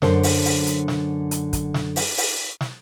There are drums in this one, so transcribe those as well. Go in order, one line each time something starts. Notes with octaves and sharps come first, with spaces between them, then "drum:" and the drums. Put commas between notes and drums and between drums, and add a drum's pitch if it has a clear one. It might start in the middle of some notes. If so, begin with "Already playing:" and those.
F#2 D3 C5, drum: snare
drum: open hi-hat
drum: open hi-hat
drum: hi-hat
drum: snare
drum: hi-hat
drum: kick, hi-hat
drum: snare
drum: open hi-hat
drum: open hi-hat
drum: snare